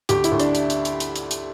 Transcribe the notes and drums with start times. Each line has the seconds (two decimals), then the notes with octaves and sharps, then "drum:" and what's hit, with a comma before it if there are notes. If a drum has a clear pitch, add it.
0.09 D2 G4, drum: hi-hat
0.24 E4, drum: hi-hat
0.32 D2
0.40 D4, drum: hi-hat
0.55 drum: hi-hat
0.70 drum: hi-hat
0.85 drum: hi-hat
1.00 drum: hi-hat
1.16 drum: hi-hat
1.31 drum: hi-hat